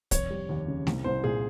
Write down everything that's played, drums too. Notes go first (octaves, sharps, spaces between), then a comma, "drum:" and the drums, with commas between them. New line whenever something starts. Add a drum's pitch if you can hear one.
F1 C#5, drum: kick, hi-hat
G3
D#2
C#3
C2, drum: snare A3
C2 C5
A#2 G#4